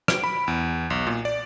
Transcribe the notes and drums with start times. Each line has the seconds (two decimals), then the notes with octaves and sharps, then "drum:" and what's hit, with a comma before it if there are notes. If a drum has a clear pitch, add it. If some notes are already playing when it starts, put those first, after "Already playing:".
0.08 D7, drum: rim click
0.24 B5
0.48 E2
0.90 B1
1.07 A#2
1.25 D5